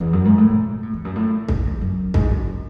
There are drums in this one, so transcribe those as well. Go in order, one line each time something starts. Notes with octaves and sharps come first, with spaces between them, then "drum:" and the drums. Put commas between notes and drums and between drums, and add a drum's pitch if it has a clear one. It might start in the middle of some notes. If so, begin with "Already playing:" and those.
E2
F#2
G#2
A2
B2
A2
E2
F#2
A2
F#2, drum: kick C2
E2
F#2
G#2, drum: kick C2
F#2